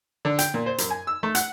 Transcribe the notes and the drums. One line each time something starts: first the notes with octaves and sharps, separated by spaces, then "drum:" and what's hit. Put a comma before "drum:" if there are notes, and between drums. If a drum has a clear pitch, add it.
D3
G5, drum: hi-hat
A#2
C5
F#2, drum: hi-hat
G#5
E6
A3
F#5, drum: hi-hat